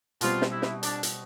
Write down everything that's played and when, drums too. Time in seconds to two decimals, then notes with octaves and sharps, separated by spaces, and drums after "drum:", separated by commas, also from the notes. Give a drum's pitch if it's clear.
0.21 B2 G3 C4 F4, drum: hi-hat
0.42 drum: snare
0.52 E4
0.62 drum: snare
0.83 D4, drum: hi-hat
1.03 drum: hi-hat